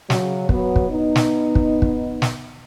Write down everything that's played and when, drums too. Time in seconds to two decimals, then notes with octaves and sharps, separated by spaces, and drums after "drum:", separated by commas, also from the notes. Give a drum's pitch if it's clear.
0.10 C#3 F#3, drum: snare
0.49 F#3 B3, drum: kick
0.76 drum: kick
0.89 B3 D#4
1.16 drum: snare
1.55 drum: kick
1.82 drum: kick
2.22 drum: snare